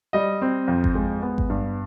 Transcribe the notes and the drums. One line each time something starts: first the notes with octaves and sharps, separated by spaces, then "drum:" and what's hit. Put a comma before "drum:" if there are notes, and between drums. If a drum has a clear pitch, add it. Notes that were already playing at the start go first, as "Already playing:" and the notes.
G3 D#5
C4
F2
drum: kick G#1
G#3
B3
drum: kick G#1
G2